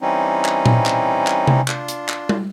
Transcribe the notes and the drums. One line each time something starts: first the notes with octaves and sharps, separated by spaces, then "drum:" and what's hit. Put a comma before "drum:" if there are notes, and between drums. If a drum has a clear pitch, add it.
E3 G3 C4 C#4 D#4
drum: clap
drum: tom A#2
drum: clap
drum: clap
drum: tom C3
D4 F4, drum: clap
drum: hi-hat
drum: clap
drum: tom